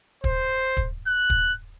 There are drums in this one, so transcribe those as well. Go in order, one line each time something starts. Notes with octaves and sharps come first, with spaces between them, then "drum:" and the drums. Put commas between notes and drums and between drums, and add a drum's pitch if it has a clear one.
C5, drum: kick
drum: kick
F#6
drum: kick